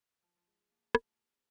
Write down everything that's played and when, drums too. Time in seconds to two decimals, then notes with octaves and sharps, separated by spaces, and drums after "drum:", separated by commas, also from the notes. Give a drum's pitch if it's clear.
0.23 F3
0.37 F3
0.47 G#3
0.60 G#3
0.71 A#3
0.95 drum: rim click